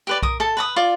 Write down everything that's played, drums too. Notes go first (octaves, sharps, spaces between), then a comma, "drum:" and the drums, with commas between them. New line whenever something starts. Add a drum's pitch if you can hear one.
G4 B4 D5
A#4 D#6, drum: kick B1
A4 A5
B4 A5 D#6
F4 D5